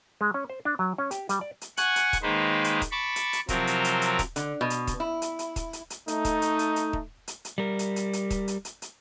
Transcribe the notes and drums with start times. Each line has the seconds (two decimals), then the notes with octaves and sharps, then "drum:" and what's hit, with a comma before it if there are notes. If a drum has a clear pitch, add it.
0.21 G#3
0.34 C#4
0.50 C5
0.65 D4
0.79 F#3
0.98 C#4
1.11 G4, drum: hi-hat
1.29 G3, drum: hi-hat
1.41 D5
1.61 drum: hi-hat
1.77 F#5 G#5 C#6 F#6, drum: hi-hat
1.96 drum: hi-hat
2.13 drum: kick D#1, hi-hat
2.22 D#3 G#3 A#3 D#4 B4 C5
2.64 drum: hi-hat
2.82 drum: kick D#1, hi-hat
2.91 A5 B5 C#6 D6
3.16 drum: hi-hat
3.33 drum: hi-hat
3.49 C3 F3 F#3 C4 A#4, drum: kick D#1, hi-hat
3.67 drum: hi-hat
3.84 drum: hi-hat
4.02 drum: hi-hat
4.19 drum: kick D#1, hi-hat
4.36 D3, drum: hi-hat
4.61 B2
4.70 drum: hi-hat
4.87 drum: kick D#1, hi-hat
5.00 E4
5.22 drum: hi-hat
5.39 drum: hi-hat
5.56 drum: kick D#1, hi-hat
5.73 drum: hi-hat
5.90 drum: hi-hat
6.08 A3 D#4, drum: hi-hat
6.25 drum: kick D#1, hi-hat
6.42 drum: hi-hat
6.59 drum: hi-hat
6.76 drum: hi-hat
6.93 drum: kick D#1
7.28 drum: hi-hat
7.45 drum: hi-hat
7.58 G3 A#4
7.79 drum: hi-hat
7.96 drum: hi-hat
8.13 drum: hi-hat
8.30 drum: kick D#1, hi-hat
8.48 drum: hi-hat
8.65 drum: hi-hat
8.82 drum: hi-hat